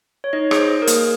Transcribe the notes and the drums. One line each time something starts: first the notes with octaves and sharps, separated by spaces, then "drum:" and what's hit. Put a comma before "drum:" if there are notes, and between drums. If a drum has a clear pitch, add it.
C#5
D#4 D#5
G#4, drum: rim click
C5
G#4
A#4
A#3, drum: hi-hat